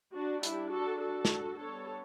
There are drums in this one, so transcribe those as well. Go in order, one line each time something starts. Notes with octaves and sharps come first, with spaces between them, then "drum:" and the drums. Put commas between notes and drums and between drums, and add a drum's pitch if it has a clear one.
D4 F#4
G3 D4 E4 G4, drum: hi-hat
F#4 A4
F#4 A4
drum: snare
G3 B3 D4 A4 C#5